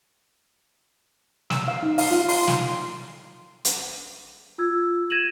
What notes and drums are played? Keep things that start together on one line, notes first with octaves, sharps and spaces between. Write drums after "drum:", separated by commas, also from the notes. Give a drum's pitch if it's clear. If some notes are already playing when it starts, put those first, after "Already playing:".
E6, drum: snare
F5
D#4
F5, drum: open hi-hat
F4
C6, drum: open hi-hat
drum: snare
drum: hi-hat
F4 E6 G#6
G#6 A#6 D#7 E7 F#7